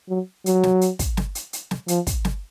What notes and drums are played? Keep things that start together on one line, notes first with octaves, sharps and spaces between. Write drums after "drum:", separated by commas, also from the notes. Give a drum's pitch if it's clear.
F#3
F#3, drum: hi-hat
drum: snare
drum: hi-hat
drum: kick, hi-hat
drum: snare
drum: hi-hat
drum: hi-hat
drum: snare
F3, drum: hi-hat
drum: kick, hi-hat
drum: snare